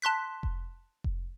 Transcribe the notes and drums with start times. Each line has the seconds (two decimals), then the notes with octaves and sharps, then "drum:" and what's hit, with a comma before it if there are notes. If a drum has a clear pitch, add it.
0.02 A5 C6 F#6 B6
0.43 drum: kick F1
1.04 drum: kick F1